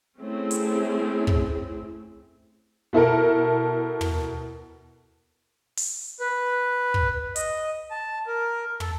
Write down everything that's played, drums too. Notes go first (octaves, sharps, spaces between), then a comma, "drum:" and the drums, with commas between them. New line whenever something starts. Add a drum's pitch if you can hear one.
A3 C4 C#4 E4 G#4
drum: hi-hat
drum: kick
B2 E4 A4 A#4
drum: tom
drum: open hi-hat
B4
drum: kick
D#5, drum: hi-hat
A5
A#4
A4, drum: tom